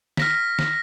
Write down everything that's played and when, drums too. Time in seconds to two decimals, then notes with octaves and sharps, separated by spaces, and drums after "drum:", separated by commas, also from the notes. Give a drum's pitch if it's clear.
0.17 F6 A#6 B6, drum: snare
0.59 drum: snare